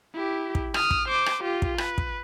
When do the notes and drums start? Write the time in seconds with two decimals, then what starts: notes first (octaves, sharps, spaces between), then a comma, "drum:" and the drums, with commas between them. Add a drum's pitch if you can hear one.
0.14 E4 G4
0.55 drum: kick
0.74 D#6 F6, drum: rim click
0.91 drum: kick
1.08 C5 D6
1.26 drum: rim click
1.43 F4 G4
1.62 drum: kick
1.78 B4, drum: rim click
1.98 drum: kick